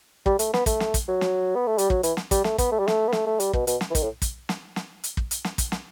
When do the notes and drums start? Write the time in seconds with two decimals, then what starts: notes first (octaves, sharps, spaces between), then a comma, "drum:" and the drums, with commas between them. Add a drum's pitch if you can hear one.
0.26 G3, drum: kick
0.39 A3, drum: hi-hat
0.54 B3, drum: snare
0.66 A3, drum: kick, hi-hat
0.80 drum: snare
0.94 drum: kick, hi-hat
1.08 F#3
1.21 drum: snare
1.55 B3
1.67 A3
1.78 G3, drum: hi-hat
1.90 F#3, drum: kick
2.03 E3, drum: hi-hat
2.17 drum: snare
2.31 G3, drum: kick, hi-hat
2.44 A3, drum: snare
2.58 B3, drum: kick, hi-hat
2.72 A3
2.79 G3
2.88 A3, drum: snare
3.08 B3
3.12 A3, drum: snare
3.27 A3
3.40 G3, drum: hi-hat
3.53 B2, drum: kick
3.67 B2, drum: hi-hat
3.81 drum: snare
3.91 E3
3.95 D#3, drum: kick, hi-hat
4.03 A2
4.22 drum: kick, hi-hat
4.49 drum: snare
4.76 drum: snare
5.04 drum: hi-hat
5.17 drum: kick
5.31 drum: hi-hat
5.44 drum: snare
5.58 drum: kick, hi-hat
5.72 drum: snare